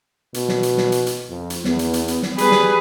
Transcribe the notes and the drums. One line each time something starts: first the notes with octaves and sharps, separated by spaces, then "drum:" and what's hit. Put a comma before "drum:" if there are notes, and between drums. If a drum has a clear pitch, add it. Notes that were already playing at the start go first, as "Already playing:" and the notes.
B2, drum: hi-hat
drum: snare
drum: hi-hat
drum: snare
drum: hi-hat
drum: hi-hat
F2
drum: hi-hat
E2 B3, drum: snare
drum: hi-hat
drum: hi-hat
drum: hi-hat
drum: snare
G3 G#4 B4, drum: hi-hat
drum: snare